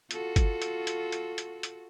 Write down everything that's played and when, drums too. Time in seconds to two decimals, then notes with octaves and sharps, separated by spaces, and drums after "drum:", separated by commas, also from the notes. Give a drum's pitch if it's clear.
0.11 F4 F#4 A4, drum: hi-hat
0.36 drum: kick G1, hi-hat
0.62 drum: hi-hat
0.87 drum: hi-hat
1.12 drum: hi-hat
1.38 drum: hi-hat
1.63 drum: hi-hat